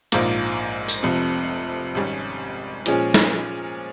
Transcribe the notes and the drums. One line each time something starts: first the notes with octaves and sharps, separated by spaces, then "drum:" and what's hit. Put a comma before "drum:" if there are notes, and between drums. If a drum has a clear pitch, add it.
A#1 G#2 F3 A#3, drum: hi-hat
drum: tambourine
F1 F2 C3
G#1 G#2 G3 C#4
A#2 F3 G#3 C#4, drum: hi-hat
drum: snare